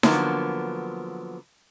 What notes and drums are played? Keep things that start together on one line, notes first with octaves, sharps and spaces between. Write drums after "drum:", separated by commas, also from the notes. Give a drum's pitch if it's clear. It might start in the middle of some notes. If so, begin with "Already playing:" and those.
D3 F3 F#3 A#3 B3, drum: snare D#4